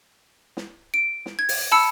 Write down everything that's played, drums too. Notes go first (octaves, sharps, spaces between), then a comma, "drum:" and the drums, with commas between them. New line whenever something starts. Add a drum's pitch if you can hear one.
drum: snare
D7
drum: snare
G#6
drum: open hi-hat
A5 B5 E6 C#7